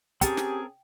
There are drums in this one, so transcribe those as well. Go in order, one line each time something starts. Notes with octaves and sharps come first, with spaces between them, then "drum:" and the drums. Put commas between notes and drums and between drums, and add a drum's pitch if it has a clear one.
C4 C#4 G4 G#4 A#4 G5 A5, drum: kick, hi-hat
drum: snare